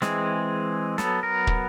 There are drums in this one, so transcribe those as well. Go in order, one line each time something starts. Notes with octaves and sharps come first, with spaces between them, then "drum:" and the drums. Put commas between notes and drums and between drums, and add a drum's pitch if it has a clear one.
E3 G#3 C4 G#4, drum: snare
F#3 B3 A4, drum: snare
A#4
drum: kick